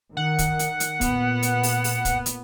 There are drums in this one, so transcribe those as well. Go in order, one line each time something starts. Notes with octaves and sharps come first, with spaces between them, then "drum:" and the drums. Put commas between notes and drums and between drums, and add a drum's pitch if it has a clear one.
D#3 F#5
drum: kick, hi-hat
drum: hi-hat
drum: hi-hat
A#2 B3, drum: kick, hi-hat
drum: hi-hat
drum: open hi-hat
drum: open hi-hat
drum: kick, hi-hat
drum: hi-hat